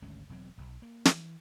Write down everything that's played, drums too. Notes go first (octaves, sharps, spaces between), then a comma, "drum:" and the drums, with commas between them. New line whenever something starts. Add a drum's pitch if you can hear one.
G#1 D2 G#3 C#4
E1 F#3 C4
E1 B1
A#3
E3, drum: snare